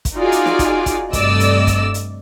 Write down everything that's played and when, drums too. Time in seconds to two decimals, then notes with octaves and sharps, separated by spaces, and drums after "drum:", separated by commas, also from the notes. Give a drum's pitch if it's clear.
0.05 drum: kick, hi-hat
0.16 D#4 F4 F#4 G#4 D5
0.32 drum: hi-hat
0.45 drum: snare
0.59 drum: kick, hi-hat
0.86 drum: kick, hi-hat
1.13 G2 C3 A3 D5 D#5 E6, drum: kick, hi-hat
1.40 drum: hi-hat
1.67 drum: kick, hi-hat
1.94 drum: hi-hat